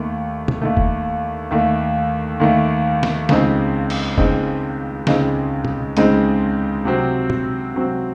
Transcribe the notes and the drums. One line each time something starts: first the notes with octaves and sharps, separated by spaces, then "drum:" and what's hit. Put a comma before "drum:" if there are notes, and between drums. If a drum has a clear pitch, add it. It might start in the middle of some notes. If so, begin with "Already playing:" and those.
Already playing: D#2 D#3 A3
drum: tom B2
D#2 D#3 A3
drum: kick F1
D#2 D#3 A3
D#2 D#3 A3
drum: snare
C#2 C#3 G#3 C4 D#4, drum: snare
drum: cymbal
C#2 C#3 G#3 C4 D#4, drum: kick F1
C#2 C#3 G#3 C4 D#4, drum: snare
drum: tom B2
C#2 C#3 G#3 C4 D#4, drum: hi-hat
C3 F#3 C4
drum: tom B2
C3 F#3 C4